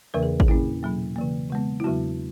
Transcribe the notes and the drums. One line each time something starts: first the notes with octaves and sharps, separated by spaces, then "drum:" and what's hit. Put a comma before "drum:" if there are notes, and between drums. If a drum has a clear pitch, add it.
E2 C#3 E3 A#3 A#4
G#4
G#4, drum: kick G#1
A#2 A#3 C#4 E4
B2 F#3 A#3
C#3 E3 A#3
C#3 G#3 B3
E4
E2 C#3 F#3 B3 F#4